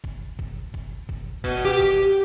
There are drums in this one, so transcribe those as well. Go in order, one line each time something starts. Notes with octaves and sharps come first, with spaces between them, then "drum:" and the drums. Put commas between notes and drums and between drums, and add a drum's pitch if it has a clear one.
drum: kick G1
drum: kick G1
drum: kick G1
drum: kick G1
B2, drum: kick G1
G4
drum: kick G1